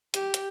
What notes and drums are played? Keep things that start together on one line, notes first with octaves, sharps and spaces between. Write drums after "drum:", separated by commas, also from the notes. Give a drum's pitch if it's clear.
G4, drum: hi-hat
drum: hi-hat